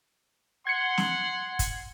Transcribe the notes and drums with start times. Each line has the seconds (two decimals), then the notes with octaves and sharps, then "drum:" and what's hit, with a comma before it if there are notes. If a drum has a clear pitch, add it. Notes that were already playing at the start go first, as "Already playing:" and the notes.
0.67 F#5 C6 G#6 C#7
0.98 drum: snare
1.59 drum: kick, hi-hat